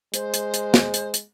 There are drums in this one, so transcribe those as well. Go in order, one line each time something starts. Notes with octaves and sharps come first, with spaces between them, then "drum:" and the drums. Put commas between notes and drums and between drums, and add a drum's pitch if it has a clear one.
G#3 C5, drum: hi-hat
drum: hi-hat
drum: hi-hat
drum: snare
drum: hi-hat
drum: hi-hat